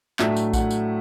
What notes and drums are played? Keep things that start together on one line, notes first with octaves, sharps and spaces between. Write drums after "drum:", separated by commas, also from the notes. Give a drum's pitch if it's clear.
A2 F#3 A3 D4 E5, drum: clap
drum: tambourine
F#5, drum: kick A#1, tambourine
drum: tambourine